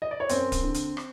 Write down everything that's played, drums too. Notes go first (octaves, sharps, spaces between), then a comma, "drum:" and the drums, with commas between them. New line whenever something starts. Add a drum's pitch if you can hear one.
D#5
D5
C#5
F#2 C4 C5, drum: hi-hat
drum: kick D1, hi-hat
D3
drum: hi-hat
drum: rim click